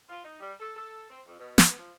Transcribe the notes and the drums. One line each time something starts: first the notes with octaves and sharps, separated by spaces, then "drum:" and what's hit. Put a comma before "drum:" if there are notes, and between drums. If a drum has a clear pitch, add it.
F4
D#4
G3
A4
A4
C4
F2
B2
B3, drum: snare
F3